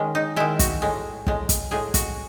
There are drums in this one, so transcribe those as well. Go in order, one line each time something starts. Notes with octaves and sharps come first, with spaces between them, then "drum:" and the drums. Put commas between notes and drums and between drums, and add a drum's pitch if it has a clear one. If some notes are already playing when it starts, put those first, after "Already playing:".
Already playing: D#3 G#3 C#4
D#4
D#3 G#3 E4
F#4, drum: kick, hi-hat
A2 G#3
A2 G#3, drum: kick
drum: kick, hi-hat
A2 G#3 G#4
F#4, drum: kick, hi-hat